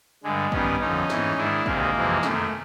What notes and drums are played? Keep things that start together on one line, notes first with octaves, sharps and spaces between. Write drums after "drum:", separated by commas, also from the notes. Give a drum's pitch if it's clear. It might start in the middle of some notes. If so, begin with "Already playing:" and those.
G2 D3 G#3
G2 D#3 B3 C#4, drum: kick A1
F2 D3 C#4 D#4
G#2 E3, drum: snare
G#2 D#3 D4 E4
D2 C3 D#3 G#3 A#3, drum: kick A1
F2 C3 E3
F#2 D#3 A3, drum: snare